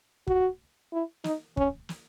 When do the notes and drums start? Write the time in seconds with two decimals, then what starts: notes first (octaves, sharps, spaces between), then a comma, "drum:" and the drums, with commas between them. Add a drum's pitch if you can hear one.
0.27 F#4, drum: kick
0.93 E4
1.24 D#4, drum: snare
1.57 C#4, drum: kick
1.89 drum: snare